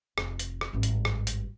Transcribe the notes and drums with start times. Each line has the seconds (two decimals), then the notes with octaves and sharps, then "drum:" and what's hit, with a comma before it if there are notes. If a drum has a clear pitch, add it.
0.18 F1, drum: rim click
0.39 drum: hi-hat
0.61 drum: rim click
0.73 G#1 G2
0.83 drum: hi-hat
1.05 drum: rim click
1.27 drum: hi-hat